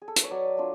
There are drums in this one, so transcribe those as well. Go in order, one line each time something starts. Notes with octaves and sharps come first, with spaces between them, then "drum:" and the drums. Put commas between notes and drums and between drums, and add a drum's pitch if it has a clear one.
G#4
A4
B4, drum: hi-hat
C#5
F#3 D5
A3 D4 F4